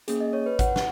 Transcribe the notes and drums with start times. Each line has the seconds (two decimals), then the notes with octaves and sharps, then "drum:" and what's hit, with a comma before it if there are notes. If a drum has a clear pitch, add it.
0.08 A#3 C#4 G#4, drum: hi-hat
0.20 D#5
0.33 C#5
0.46 B4
0.59 F#5, drum: kick G#1, hi-hat
0.76 drum: snare